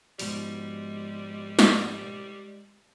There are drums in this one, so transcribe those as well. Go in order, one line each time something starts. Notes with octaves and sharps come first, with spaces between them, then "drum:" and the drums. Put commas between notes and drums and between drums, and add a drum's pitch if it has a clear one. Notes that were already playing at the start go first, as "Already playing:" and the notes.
G#2 B2 F3 G3 G#3, drum: open hi-hat
drum: snare